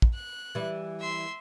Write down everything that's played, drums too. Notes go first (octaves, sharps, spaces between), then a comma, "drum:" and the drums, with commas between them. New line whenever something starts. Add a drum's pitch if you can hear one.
drum: kick
F#6
E3 G3
E5 C6